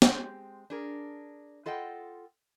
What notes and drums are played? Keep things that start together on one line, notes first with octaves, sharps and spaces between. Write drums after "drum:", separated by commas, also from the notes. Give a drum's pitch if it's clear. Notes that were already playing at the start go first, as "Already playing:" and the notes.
G#3 C4 G4, drum: snare
D4 G#4 A#4
F4 A4 D#5 F#5 G5